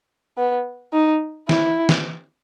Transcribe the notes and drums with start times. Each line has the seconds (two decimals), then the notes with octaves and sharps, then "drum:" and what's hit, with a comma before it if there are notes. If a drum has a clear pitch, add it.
0.38 B3
0.93 D#4
1.49 E4, drum: snare
1.89 drum: snare